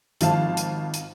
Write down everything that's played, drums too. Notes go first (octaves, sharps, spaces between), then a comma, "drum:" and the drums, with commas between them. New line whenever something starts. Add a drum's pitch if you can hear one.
G#1 F3 F5 A5, drum: hi-hat
drum: hi-hat
drum: hi-hat